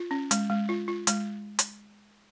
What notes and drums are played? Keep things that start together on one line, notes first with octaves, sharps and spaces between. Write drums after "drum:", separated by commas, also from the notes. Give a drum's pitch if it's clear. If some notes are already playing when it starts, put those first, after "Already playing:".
Already playing: F4
C#4
G#3, drum: hi-hat
G#3
F4
F4
G#3, drum: hi-hat
drum: hi-hat